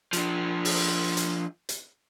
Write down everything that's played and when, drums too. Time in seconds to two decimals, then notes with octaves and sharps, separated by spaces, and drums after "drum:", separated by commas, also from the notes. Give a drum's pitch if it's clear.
0.13 F3 D4, drum: hi-hat
0.65 drum: open hi-hat
1.17 drum: hi-hat
1.69 drum: hi-hat